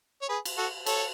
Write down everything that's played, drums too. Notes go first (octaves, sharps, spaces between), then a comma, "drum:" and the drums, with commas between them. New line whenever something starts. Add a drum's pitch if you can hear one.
C#5
G#4 B4
drum: cymbal
F#4 A4
A4 C#5, drum: cymbal